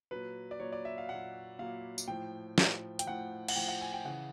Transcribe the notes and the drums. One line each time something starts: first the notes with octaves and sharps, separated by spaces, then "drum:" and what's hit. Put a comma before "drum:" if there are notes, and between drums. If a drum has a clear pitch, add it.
A#2 F#3 B4
D5
A#2 F#3 C#5
D5
E5
F5
A#2 F#3 F#5
A#2 F#3 F5
drum: tambourine
A2 F3 G5
A2 F3, drum: snare
G5, drum: hi-hat
A2 F3 F#5
F#5, drum: cymbal
A2 F3 G5
F#5
G#5
G5
C#3 E3 F#5